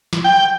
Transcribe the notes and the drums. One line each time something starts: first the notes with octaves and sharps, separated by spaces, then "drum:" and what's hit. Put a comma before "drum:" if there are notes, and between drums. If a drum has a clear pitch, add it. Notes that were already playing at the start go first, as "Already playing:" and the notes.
drum: snare
G5